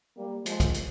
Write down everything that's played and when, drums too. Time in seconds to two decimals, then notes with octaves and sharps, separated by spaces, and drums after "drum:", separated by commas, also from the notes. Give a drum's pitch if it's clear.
0.17 G3 A#3
0.46 F3 G#3, drum: hi-hat
0.60 drum: kick, hi-hat
0.74 drum: hi-hat